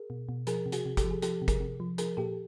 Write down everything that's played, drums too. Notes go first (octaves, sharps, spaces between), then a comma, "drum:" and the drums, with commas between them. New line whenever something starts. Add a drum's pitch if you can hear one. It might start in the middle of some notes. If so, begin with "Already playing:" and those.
Already playing: G#4 A#4
B2
B2
F3 G#4 A#4, drum: hi-hat
C3
F#4 G#4, drum: hi-hat
C3
G4 A4, drum: kick G1, hi-hat
F3
G#4
F3 G4 A4, drum: hi-hat
C3
G#4 A#4, drum: kick G1, hi-hat
C3
F3
F3 G#4 A#4, drum: hi-hat
A#2 G4 A4